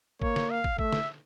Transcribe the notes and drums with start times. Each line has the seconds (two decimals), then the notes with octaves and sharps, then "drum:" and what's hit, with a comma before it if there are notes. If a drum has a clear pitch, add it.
0.22 A#3 C#5, drum: kick
0.36 drum: snare
0.50 F5
0.64 drum: kick
0.78 A3 E5, drum: kick
0.92 drum: snare